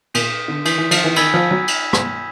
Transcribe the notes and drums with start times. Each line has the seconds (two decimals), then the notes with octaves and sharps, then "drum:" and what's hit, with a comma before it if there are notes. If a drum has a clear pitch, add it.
0.14 A#2 D#6 G6 B6, drum: cymbal
0.48 D3
0.65 E3 D#6 G6 B6, drum: cymbal
0.78 E3
0.91 F3, drum: cymbal
1.04 E3
1.16 D#3 G#5 B5 E6 G#6 B6, drum: cymbal
1.34 F3
1.51 F#3
1.68 drum: cymbal
1.93 drum: rim click